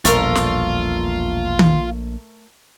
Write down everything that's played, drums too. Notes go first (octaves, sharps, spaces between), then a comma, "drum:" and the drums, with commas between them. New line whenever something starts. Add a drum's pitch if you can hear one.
E1 A#1 B2 G3 A3 F4 A#4 F5, drum: hi-hat
drum: snare
drum: tom D#3